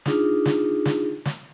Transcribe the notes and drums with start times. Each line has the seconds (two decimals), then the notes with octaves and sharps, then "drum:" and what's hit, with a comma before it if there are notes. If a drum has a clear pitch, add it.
0.06 D4 D#4 F4 G#4, drum: snare
0.46 drum: snare
0.86 drum: snare
1.25 drum: snare